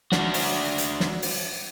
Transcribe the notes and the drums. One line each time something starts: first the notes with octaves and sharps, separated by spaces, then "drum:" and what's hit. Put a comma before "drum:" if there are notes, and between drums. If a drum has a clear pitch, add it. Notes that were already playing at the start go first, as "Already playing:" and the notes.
D4 F#4, drum: snare
drum: open hi-hat
drum: hi-hat
drum: snare
drum: open hi-hat